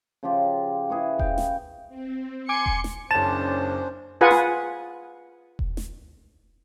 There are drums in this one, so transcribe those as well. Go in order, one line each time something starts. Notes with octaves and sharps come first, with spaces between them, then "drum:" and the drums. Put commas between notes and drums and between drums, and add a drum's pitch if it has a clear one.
C#3 F3 F4 G4
E4 G#4 B4 C#6
F5 G5, drum: kick E1
drum: snare
C4
G#5 C6 D6 C#7
drum: kick E1
drum: snare
F#1 C#4 D4 C5 A5 E7
F4 G#4 B4 F#5 G#5
drum: snare
drum: kick E1
drum: snare